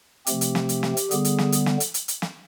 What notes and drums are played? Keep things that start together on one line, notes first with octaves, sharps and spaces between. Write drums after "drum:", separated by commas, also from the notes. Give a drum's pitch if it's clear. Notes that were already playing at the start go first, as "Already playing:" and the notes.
C3 F3 A3 C4 G4, drum: hi-hat
drum: hi-hat
drum: snare
drum: hi-hat
drum: snare
drum: hi-hat
D3 G3 B3 G#4, drum: hi-hat
drum: hi-hat
drum: snare
drum: hi-hat
drum: snare
drum: hi-hat
drum: hi-hat
drum: hi-hat
drum: snare